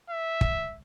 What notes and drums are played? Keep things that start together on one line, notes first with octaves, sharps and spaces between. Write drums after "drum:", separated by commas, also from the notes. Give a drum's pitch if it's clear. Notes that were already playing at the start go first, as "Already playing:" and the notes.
E5
drum: kick